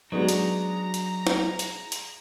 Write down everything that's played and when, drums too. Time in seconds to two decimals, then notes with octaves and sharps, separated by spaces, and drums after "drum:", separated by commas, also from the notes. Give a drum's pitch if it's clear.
0.12 F#3 G#3 B3 D4 D#4 F#4 A#5
0.29 drum: hi-hat
0.94 drum: hi-hat
1.27 drum: snare
1.59 drum: hi-hat
1.92 drum: hi-hat